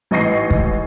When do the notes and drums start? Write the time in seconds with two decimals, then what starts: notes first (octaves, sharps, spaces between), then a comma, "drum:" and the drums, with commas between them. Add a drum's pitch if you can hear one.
0.11 A1 G#2 D#5 C#6 A#6 C7
0.51 drum: kick